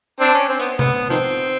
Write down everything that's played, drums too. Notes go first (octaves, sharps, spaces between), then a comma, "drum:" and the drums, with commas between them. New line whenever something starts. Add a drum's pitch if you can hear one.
C4 D4
C#4
C4
B3, drum: hi-hat
B3, drum: tom C3
D#3 F3 C4